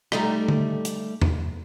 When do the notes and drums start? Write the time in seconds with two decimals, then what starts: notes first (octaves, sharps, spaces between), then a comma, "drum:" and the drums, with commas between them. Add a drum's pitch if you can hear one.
0.12 G3 A3 D#4, drum: rim click
0.48 drum: tom D3
0.85 drum: hi-hat
1.22 drum: tom E2